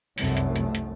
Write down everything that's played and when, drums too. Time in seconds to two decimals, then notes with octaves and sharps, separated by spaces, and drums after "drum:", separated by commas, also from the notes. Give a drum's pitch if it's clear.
0.18 F1 C2 F#2 A3, drum: open hi-hat
0.37 drum: hi-hat
0.56 drum: hi-hat
0.75 drum: hi-hat